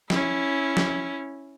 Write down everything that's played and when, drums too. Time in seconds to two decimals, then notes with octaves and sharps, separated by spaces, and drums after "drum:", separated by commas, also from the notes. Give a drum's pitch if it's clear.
0.10 C#4 E4, drum: snare
0.77 drum: snare